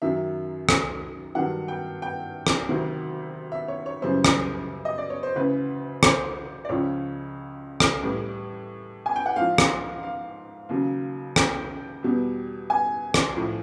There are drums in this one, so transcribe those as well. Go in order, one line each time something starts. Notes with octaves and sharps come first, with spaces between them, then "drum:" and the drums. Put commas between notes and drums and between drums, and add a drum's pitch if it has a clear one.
F#2 D#3 F#3 E5
drum: rim click
G2 D#3 F#3 F#5
G5
G5
drum: rim click
D2 C3 D#3 F#3
E5
C#5
C#5
F#2 C#3 E3 G3 C5
drum: rim click
D#5
D5
C#5
C5
D2 C#3 E3 B4
C5, drum: rim click
D5
C#2 C#3 F3 C#5
drum: rim click
A2 E3 G3
G#5
G5
F#5
G#2 F3 F5
drum: rim click
F5
D#2 C#3 F#3
G5, drum: rim click
E2 B2 G3
G#5
drum: rim click
A2 F3